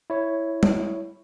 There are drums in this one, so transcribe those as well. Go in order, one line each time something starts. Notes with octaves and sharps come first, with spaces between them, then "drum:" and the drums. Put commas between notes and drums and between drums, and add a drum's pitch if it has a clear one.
E4 C#5
drum: tom G3